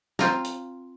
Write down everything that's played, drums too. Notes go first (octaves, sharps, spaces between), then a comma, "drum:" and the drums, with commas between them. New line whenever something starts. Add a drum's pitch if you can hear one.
C4 F4 A#5, drum: snare
drum: hi-hat